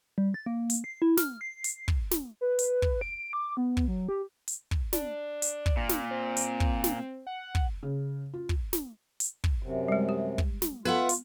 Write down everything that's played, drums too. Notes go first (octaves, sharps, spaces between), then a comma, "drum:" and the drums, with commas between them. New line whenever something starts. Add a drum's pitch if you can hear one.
G3
A6
A#3
drum: hi-hat
C7
E4
F6, drum: snare
C7
drum: hi-hat
drum: kick
drum: snare
B4
drum: hi-hat
drum: kick
D7
D6
B3
drum: kick
F#3
G4
drum: hi-hat
drum: kick
D4, drum: snare
drum: hi-hat
drum: kick
A#2
drum: snare
C4
drum: hi-hat
drum: kick
drum: snare
F#5
drum: kick
C#3
F4
drum: kick
drum: snare
drum: hi-hat
drum: kick
F#2 C3
G3 G#3
G4
drum: kick
drum: snare
B3 F4 B4 E5 F#5
drum: hi-hat